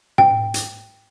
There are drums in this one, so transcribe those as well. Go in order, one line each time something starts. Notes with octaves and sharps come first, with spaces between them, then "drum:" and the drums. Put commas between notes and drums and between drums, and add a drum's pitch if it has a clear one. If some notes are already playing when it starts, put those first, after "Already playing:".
G5, drum: tom
drum: hi-hat